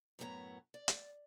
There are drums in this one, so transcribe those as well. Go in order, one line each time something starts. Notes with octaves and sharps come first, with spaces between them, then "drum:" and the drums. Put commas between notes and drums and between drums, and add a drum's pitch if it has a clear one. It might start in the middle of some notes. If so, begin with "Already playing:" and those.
F#2 A2 B3 G#4 C#5 A#5
D5
drum: hi-hat